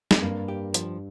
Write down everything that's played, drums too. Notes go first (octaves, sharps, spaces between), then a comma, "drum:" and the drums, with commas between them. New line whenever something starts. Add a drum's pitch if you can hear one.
F2, drum: snare
G2 A#3
G4
F3, drum: hi-hat